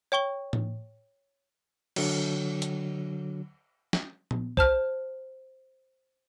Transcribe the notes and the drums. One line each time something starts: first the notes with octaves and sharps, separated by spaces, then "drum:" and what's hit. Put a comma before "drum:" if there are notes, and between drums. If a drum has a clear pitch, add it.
C#5 G5 C#6 G7
drum: tom A2
D3 F#3, drum: cymbal
drum: hi-hat
drum: snare
drum: tom A#2
C5 A5 F6, drum: kick